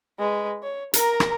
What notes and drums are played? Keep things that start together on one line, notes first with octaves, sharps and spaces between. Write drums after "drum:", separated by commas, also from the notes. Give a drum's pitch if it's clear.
G#3 B4
C#5
A#4 A#5, drum: hi-hat
drum: rim click